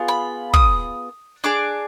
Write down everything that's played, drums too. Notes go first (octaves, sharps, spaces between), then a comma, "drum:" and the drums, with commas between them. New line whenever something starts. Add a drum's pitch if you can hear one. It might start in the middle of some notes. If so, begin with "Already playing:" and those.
Already playing: B3 F4 G#4
B5
D#6, drum: kick
D4 G#4 D6